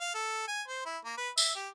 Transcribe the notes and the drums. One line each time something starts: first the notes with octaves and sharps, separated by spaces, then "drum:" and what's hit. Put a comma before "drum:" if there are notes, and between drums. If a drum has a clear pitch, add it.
F5
A4
G#5
C5
E4
A#3
B4
E5, drum: tambourine
G4